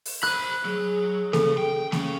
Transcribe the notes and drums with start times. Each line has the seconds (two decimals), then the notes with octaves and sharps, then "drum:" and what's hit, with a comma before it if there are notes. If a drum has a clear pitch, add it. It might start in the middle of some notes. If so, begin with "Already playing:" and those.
0.05 drum: open hi-hat
0.23 C5 B5 F#6
0.65 F#3 G#4
1.33 C#3 A4, drum: snare A#3
1.58 G5
1.92 C#3 C#4, drum: snare A#3